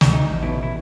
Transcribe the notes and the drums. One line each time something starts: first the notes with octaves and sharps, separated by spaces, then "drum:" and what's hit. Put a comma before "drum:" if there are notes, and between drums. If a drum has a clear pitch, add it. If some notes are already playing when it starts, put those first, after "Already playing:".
D2 D4, drum: snare
D#4
A1
B2 E4
E4